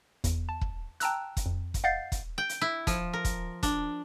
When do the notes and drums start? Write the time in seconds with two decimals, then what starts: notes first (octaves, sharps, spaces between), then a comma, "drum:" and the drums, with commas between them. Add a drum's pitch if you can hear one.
0.24 E2, drum: kick, hi-hat
0.49 A5
0.61 drum: kick
1.00 G5 A5 A#5 E6 F#6, drum: hi-hat
1.37 drum: kick, hi-hat
1.46 F2
1.74 drum: kick, hi-hat
1.84 D#5 F5 F#5 G6 A6 C7
2.12 drum: kick, hi-hat
2.38 G5
2.49 drum: hi-hat
2.61 E4
2.87 F3, drum: kick, hi-hat
3.13 A#4
3.25 drum: kick, hi-hat
3.63 D4, drum: kick, hi-hat